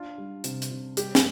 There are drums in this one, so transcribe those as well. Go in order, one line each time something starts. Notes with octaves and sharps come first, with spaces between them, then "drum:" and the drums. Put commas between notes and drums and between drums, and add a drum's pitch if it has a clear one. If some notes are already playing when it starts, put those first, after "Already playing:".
Already playing: D4 F4
G3
C3, drum: hi-hat
drum: hi-hat
C3
G3 G4, drum: hi-hat
drum: snare